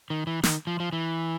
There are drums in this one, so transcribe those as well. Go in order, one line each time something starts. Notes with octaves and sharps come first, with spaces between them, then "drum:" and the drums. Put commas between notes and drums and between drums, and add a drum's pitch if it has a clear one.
D#3
E3
D#3, drum: snare
F3
F3
E3